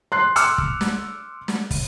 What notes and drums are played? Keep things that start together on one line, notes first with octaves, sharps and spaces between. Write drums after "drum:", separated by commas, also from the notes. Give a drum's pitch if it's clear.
C6 F#6 C7
C6 D6 E6 F6 C#7, drum: hi-hat
drum: kick
drum: snare
drum: snare
drum: kick, open hi-hat